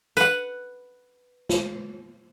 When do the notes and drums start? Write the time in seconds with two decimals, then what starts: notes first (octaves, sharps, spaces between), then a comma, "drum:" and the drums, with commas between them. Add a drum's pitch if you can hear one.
0.17 B4 F#5, drum: tambourine
1.49 drum: snare